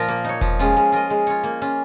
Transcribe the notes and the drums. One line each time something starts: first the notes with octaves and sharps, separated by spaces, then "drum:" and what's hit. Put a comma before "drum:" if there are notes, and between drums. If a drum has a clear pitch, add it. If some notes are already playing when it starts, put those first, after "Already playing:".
Already playing: A#2 F3 F4 A#4
A#3, drum: hi-hat
D#4 C#5, drum: hi-hat
F3, drum: kick E1, hi-hat
G#3 C#4 F4, drum: hi-hat
G#3, drum: hi-hat
F4 A#4 D#5, drum: hi-hat
G#3
F4 C#5, drum: hi-hat
A#3, drum: hi-hat
C#4 F4, drum: hi-hat